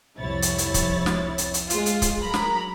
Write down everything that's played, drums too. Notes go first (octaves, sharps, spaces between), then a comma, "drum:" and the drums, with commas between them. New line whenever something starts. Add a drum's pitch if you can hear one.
C2 F2 E4 C#5 A6
drum: hi-hat
drum: hi-hat
drum: kick C#1, hi-hat
drum: snare
drum: hi-hat
drum: hi-hat
G#3 F4, drum: hi-hat
drum: hi-hat
drum: kick C#1, hi-hat
F#3 A#4 A#5 B5
drum: snare